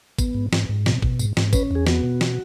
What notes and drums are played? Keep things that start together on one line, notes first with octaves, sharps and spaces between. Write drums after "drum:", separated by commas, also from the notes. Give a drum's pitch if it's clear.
B3, drum: kick G#1, tambourine
G#2
G#2, drum: snare
G#2
B2, drum: snare
B2, drum: kick G#1
G#2, drum: tambourine
G#2, drum: snare
C#4 B4, drum: kick G#1, tambourine
E2 G#4
B3 F#4, drum: snare
B2
drum: snare